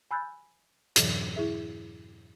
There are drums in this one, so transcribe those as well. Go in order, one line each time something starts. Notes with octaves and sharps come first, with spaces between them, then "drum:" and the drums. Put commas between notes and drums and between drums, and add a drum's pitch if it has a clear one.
G#5 B5 E6 F#6 G6 A6
F2 G#2 B2 E3 F#3, drum: hi-hat
E4 G#4 E5